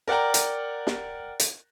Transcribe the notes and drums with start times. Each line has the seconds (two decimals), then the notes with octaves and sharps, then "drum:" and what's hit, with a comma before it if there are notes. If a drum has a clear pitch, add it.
0.08 A#4 D5 F#5 G5 A#5
0.34 drum: hi-hat
0.87 drum: snare
1.40 drum: hi-hat